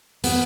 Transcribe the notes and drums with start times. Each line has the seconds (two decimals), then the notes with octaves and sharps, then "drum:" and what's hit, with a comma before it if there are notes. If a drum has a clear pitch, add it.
0.24 B3, drum: open hi-hat